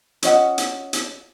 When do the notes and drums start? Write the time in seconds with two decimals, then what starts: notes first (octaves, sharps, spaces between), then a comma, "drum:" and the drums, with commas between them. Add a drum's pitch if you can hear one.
0.22 C#4 F4 D#5 F#5, drum: hi-hat
0.58 drum: hi-hat
0.93 drum: hi-hat